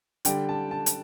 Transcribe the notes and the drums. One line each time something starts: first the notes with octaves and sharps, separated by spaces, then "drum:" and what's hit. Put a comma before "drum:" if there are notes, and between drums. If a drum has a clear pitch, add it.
D3 G3 G5, drum: hi-hat
A5
A5
drum: hi-hat